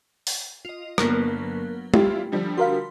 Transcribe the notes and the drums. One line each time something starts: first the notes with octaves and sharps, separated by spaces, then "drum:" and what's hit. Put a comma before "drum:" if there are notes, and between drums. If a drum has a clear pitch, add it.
drum: open hi-hat
F4 D#5
G1 F#3 A#3 B3 A#4, drum: rim click
G3 E4 F4 G4, drum: tom G#3
D3 F3 G3
F#4 A#4 F5 C6 B6